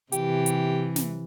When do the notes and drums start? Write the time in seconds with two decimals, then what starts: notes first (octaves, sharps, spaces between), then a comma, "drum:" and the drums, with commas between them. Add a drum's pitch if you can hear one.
0.12 C3 E3 G4, drum: hi-hat
0.46 drum: hi-hat
0.96 drum: snare